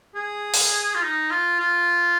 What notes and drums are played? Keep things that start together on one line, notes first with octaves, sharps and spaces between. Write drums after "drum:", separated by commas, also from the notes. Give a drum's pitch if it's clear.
G#4
drum: open hi-hat
F4
D#4
F4
F4